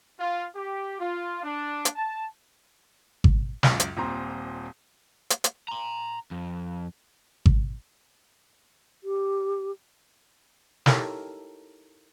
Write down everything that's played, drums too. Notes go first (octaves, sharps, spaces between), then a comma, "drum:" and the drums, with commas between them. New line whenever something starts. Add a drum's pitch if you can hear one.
F4
G4
F4
D4
drum: hi-hat
A5
drum: kick G#1
C#2 F#2, drum: snare
drum: hi-hat
D#1 A#2 C4 A#5 C6
drum: hi-hat
drum: hi-hat
A#5 C6
F2
drum: kick G#1
G4
D#4 E4 G4 A4 A#4 C#5, drum: snare